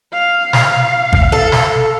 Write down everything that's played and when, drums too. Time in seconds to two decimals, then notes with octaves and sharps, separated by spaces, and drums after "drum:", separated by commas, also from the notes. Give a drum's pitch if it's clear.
0.12 F5
0.53 drum: snare
1.13 drum: kick
1.32 A4
1.52 drum: snare